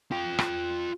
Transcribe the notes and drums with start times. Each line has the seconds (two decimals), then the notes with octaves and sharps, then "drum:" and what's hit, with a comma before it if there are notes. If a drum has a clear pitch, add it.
0.11 F4 G5
0.39 drum: rim click